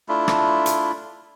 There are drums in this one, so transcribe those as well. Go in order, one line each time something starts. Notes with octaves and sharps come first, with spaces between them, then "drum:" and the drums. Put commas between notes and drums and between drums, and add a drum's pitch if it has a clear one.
A3 D4 E4 F4
drum: rim click
drum: hi-hat